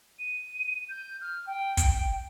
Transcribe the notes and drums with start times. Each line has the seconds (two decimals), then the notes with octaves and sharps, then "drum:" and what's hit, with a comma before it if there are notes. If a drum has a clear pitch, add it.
0.19 D#7
0.89 G6
1.21 F6
1.47 G5
1.77 drum: kick, hi-hat